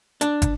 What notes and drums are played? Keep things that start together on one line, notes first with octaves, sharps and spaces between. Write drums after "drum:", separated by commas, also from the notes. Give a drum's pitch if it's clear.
D4, drum: hi-hat
drum: kick, hi-hat